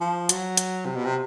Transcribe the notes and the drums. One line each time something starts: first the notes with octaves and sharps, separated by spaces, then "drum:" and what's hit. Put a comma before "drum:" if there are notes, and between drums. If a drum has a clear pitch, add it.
F3
F#3, drum: hi-hat
drum: hi-hat
C3
B2
C3